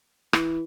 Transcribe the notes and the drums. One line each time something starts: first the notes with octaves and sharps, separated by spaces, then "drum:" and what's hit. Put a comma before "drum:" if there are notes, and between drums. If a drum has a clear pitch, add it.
E3, drum: rim click